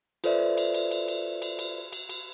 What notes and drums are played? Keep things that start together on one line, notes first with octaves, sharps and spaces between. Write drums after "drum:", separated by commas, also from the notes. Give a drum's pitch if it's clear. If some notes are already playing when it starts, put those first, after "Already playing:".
F4 A4 B4 C5 D5 E5, drum: cymbal
drum: cymbal
drum: cymbal
drum: cymbal
drum: cymbal
drum: cymbal
drum: cymbal
drum: cymbal
drum: cymbal